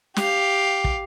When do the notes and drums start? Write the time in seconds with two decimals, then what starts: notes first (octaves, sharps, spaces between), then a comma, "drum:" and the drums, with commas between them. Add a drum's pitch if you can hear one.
0.16 G4 F5, drum: snare
0.84 drum: kick